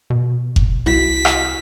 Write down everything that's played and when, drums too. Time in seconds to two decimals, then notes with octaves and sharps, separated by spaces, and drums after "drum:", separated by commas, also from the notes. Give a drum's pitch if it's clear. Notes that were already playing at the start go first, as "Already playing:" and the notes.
0.10 B2
0.56 drum: kick F#1
0.86 C2 E4 F#4 B6
1.25 drum: rim click